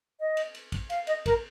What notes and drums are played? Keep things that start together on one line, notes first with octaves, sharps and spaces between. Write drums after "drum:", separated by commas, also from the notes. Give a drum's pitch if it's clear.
D#5
drum: cymbal
drum: cymbal
drum: kick, cymbal
F5, drum: cymbal
D#5, drum: cymbal
A#4, drum: kick, cymbal